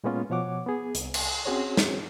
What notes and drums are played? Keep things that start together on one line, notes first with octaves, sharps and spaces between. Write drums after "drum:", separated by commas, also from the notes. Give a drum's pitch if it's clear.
A#2 G#3 A#3 B3 C#4 F4
B2 F3 C#5 F#5 D6
B3 G#4
C2, drum: hi-hat
drum: cymbal
C4 C#4 F#4 G#4 C5 C#5
drum: snare